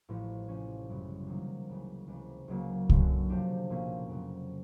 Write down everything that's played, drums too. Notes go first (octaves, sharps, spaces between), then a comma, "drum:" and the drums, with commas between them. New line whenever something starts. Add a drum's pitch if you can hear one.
A1 A2 F3
C3 F3 A3 C#4
F#2 C#3 E3 G3
C3 D#3 F#3 A#3 D#4
C#2 C#3 E3
C#2 C3 E3
C#2 C#3 F#3 A#3
F#2 D3 F#3, drum: kick C2
C3 F3 A3 D4 G4
B1 A#2 F3 A#3 C#4
F2 C#3 F#3 A3